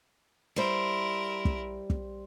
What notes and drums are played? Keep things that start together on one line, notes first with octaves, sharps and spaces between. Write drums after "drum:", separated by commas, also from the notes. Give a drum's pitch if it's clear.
G3 E4 A#4 C5
drum: kick
drum: kick